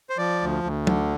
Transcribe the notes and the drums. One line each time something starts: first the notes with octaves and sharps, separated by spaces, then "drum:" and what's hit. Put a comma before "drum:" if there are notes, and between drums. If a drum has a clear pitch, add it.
C5
F3 D5
D2
D2
D3, drum: tom F#3